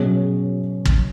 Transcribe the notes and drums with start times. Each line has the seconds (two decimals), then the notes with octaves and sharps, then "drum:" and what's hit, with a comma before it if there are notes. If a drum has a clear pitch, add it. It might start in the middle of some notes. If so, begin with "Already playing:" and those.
Already playing: B2 F#3 C#4 G#4 C#5
0.85 drum: kick